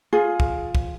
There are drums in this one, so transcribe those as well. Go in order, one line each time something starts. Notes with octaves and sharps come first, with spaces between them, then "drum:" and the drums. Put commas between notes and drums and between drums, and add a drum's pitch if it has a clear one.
F4 G#4
drum: kick C2
drum: kick C2